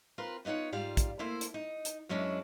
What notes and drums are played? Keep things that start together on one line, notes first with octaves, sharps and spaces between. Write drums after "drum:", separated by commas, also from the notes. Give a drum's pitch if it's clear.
C4 F4 A#4 B4
B3 D#4 F4 C#5 F#5
G#2 G3 F4 F5
drum: kick, hi-hat
A3 A#3 E4 C5
drum: hi-hat
D#4
drum: hi-hat
F#2 F#3 G#3 C#4 D4 E4